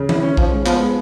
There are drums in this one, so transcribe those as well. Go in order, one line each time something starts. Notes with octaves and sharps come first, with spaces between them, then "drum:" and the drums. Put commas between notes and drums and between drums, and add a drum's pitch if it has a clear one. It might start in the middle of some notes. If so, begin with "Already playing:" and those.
Already playing: C#3
E4, drum: tom D#3
C#4
F3 C#4, drum: kick A#1
G#3
F3 B3, drum: clap
G#3